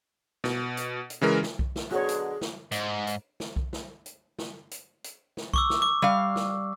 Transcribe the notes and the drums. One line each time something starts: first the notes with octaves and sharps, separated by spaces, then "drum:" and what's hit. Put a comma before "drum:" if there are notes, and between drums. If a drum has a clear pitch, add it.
B2, drum: snare
drum: hi-hat
drum: hi-hat
C#3 E3 G#3 A#4
drum: snare
drum: kick B1
drum: snare
B2 D3 F#3 F#4 G#4 C#5
drum: hi-hat
drum: snare
G#2, drum: hi-hat
drum: hi-hat
drum: snare
drum: kick B1
drum: snare
drum: hi-hat
drum: snare
drum: hi-hat
drum: hi-hat
drum: snare
C#6 D6 E6, drum: kick B1
drum: snare
D6
G3 F5
drum: snare